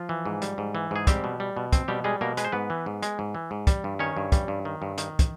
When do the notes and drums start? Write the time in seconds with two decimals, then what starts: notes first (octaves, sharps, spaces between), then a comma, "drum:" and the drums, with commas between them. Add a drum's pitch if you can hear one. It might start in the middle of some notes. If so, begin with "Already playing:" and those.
Already playing: F3 F4
0.09 E3
0.25 G#2
0.42 G3, drum: hi-hat
0.58 G#2
0.75 E3
0.91 G#2 G#4
1.07 G3 C4 G4, drum: kick, hi-hat
1.24 B2
1.40 G3
1.57 B2
1.73 C4, drum: kick, hi-hat
1.88 B2 G3 G4
2.04 G3 G#3 G#4
2.21 B2 A#3 A#4
2.37 G#3 B4, drum: hi-hat
2.45 C5
2.52 G#2 B3 B4
2.70 E3
2.86 G#2
3.03 G#3, drum: hi-hat
3.19 G#2
3.35 E3
3.51 G#2
3.67 G3, drum: kick, hi-hat
3.84 G2
3.99 D#3 C#4 C#5
4.17 G2
4.32 G3, drum: kick, hi-hat
4.48 G2
4.65 D#3
4.82 G2
4.98 D#3, drum: hi-hat
5.19 drum: kick, hi-hat